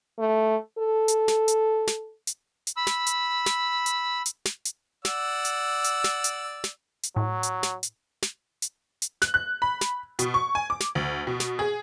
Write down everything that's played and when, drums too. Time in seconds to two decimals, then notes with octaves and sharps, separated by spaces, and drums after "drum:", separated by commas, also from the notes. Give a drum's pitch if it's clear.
0.18 A3
0.79 A4
1.08 drum: hi-hat
1.28 drum: snare
1.48 drum: hi-hat
1.87 drum: snare
2.27 drum: hi-hat
2.67 drum: hi-hat
2.77 B5 E6
2.87 drum: snare
3.07 drum: hi-hat
3.46 drum: snare
3.86 drum: hi-hat
4.26 drum: hi-hat
4.45 drum: snare
4.65 drum: hi-hat
5.05 D5 F#5 E6, drum: snare
5.45 drum: hi-hat
5.84 drum: hi-hat
6.04 drum: snare
6.24 drum: hi-hat
6.64 drum: snare
7.03 drum: hi-hat
7.16 A2 F#3
7.43 drum: hi-hat
7.63 drum: snare
7.83 drum: hi-hat
8.22 drum: snare
8.62 drum: hi-hat
9.02 drum: hi-hat
9.22 F#6, drum: snare
9.34 F#6
9.62 B5
9.81 drum: snare
10.19 B2, drum: hi-hat
10.34 C#6
10.55 G#5
10.70 D6
10.80 drum: snare
10.95 D2
11.27 B2
11.40 drum: snare
11.59 G#4